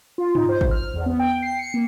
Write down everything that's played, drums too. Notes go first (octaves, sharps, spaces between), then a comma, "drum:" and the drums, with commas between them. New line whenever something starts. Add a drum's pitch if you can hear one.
F4
D#4, drum: tom
C5
drum: kick G#1
F6
E2
B3
G5
C7
C#7
A#3